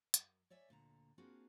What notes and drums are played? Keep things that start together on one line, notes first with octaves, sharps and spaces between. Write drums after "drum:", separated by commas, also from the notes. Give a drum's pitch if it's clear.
F#2, drum: hi-hat
C#5 D5 E5 G#5
D2 A#2 D3 A#5
A#3 C4 D4 F4 F#4 G#4